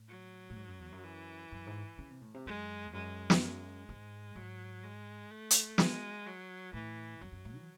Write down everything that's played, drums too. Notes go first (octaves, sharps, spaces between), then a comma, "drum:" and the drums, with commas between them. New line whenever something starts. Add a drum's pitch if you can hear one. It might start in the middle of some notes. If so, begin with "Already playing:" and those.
Already playing: A2
F#3
A2
G#2
F#2
E2
F#2
E3
F#2
G#2
C#3
C3
A2
C3
F#2 G#3
E2
F#2 G#3
E2, drum: snare
F#2 G#3
G#2
G#2 F#3
G#3
A3
drum: hi-hat
G#3, drum: snare
F#3
A2 E3
F#2 F#3
F#2
A2
E3